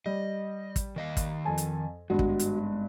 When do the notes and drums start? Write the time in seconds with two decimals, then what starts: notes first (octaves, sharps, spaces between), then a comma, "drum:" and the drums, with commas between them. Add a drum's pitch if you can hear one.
0.06 G3 D#5
0.76 drum: kick, hi-hat
0.96 D#3 D#5 F5
1.17 drum: kick, hi-hat
1.45 F2 G#5 A5
1.58 drum: hi-hat
2.10 G#1 G2 G#3 B3 F#4
2.19 drum: kick
2.39 drum: hi-hat